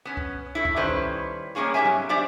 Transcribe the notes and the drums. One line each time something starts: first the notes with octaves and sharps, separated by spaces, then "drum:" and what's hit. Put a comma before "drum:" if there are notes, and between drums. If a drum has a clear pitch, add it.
B3 C#4
drum: kick C2
A3 E4
drum: kick C2
D#3 G3 C#4 E4 B4 C5
drum: kick C2
G3 G#3 A#3 C#4 G#4 C#5
G#2 C#4 G4 A#4 E5 G#5
drum: tom F#3
D4 G4 C5 D5 E5